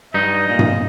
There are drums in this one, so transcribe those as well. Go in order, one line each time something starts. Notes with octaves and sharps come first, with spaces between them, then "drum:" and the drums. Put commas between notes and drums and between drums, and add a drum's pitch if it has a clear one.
G2 D#4 D#5
A#2
drum: tom G2